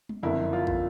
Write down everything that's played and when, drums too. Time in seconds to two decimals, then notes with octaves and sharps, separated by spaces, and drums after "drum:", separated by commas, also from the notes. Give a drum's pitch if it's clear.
0.09 drum: tom G3
0.23 F#1 F2 D3 E4
0.53 F4
0.67 drum: kick